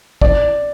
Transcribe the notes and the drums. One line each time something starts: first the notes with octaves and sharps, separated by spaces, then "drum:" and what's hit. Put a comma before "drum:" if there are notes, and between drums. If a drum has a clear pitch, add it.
D5, drum: kick